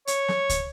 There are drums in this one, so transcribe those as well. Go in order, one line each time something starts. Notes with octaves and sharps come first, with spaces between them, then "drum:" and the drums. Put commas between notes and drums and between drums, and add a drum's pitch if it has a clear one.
C#5, drum: hi-hat
drum: snare
drum: kick, hi-hat